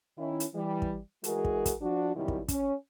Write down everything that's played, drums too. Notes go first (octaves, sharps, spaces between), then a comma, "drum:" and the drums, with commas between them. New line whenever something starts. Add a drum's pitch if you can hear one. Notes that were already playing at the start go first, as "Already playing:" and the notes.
D#3 C#4 E4
drum: hi-hat
E3 G3
drum: kick
E3 G#3 F#4 G#4 A#4, drum: hi-hat
drum: kick
drum: kick, hi-hat
F3 D4 F#4
F#2 C3 D#3 G3 E4
drum: kick
C#4, drum: kick, hi-hat